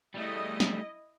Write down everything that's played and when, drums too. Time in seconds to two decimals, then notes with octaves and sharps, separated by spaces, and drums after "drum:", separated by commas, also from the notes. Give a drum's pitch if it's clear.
0.15 G3 A3 E4 D#5
0.60 drum: snare